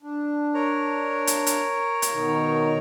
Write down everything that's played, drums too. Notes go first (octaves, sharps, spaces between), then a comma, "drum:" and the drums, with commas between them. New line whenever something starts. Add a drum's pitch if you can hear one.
D4
A#4 C#5 A#5
drum: hi-hat
drum: hi-hat
drum: hi-hat
B2 D#3 D#4